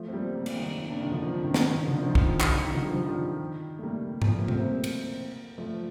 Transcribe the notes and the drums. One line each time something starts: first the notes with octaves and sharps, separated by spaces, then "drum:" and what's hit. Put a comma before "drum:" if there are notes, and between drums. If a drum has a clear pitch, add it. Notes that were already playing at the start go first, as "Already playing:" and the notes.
Already playing: F3 A3
C4
G3 A#3
G3 A#3
drum: cymbal
D#3 G3
A#3 D4
D#3
D3 F3
D#3
D3
D#3
D#3, drum: snare
D#3
D3 F3
D#3
F3
D#3, drum: kick
drum: clap
D#3
D#3
D3 F3
G3
F3
D#3 G3
A3
G3 A#3
A#3, drum: tom G#2
F3 A3
G3 A#3
A3 C4, drum: tom B2
G3 A#3
drum: cymbal
F3 A3